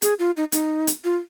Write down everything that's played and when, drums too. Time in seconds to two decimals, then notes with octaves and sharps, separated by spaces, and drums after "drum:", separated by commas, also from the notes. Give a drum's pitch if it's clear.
0.02 G#4, drum: hi-hat
0.19 F4
0.37 D#4
0.52 D#4, drum: hi-hat
0.87 drum: hi-hat
1.04 F4